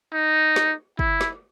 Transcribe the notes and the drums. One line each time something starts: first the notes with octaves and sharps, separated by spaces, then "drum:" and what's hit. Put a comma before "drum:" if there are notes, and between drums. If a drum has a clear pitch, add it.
D#4
drum: snare
E4, drum: kick
drum: snare